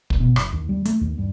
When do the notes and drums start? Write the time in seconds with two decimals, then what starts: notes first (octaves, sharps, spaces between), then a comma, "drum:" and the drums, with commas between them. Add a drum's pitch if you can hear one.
0.10 drum: kick
0.20 B2
0.36 F#1, drum: rim click
0.53 D#2
0.69 G3
0.85 A3, drum: hi-hat
1.01 D#2
1.18 G2